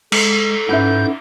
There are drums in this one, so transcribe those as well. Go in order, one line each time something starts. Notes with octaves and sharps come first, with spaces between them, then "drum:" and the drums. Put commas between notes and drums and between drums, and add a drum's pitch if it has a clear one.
G#3 A4, drum: cymbal
G#2 C#4 E4 B4 E5 F#5 G6